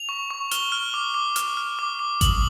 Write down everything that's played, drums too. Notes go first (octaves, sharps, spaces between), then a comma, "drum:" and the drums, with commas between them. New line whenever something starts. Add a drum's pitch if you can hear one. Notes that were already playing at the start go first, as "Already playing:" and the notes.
Already playing: F7
C#6
C#6
F6 G7, drum: hi-hat
F6
D6
D6
F6, drum: hi-hat
F6
D6
D6
D#6 F#7, drum: kick G#1, hi-hat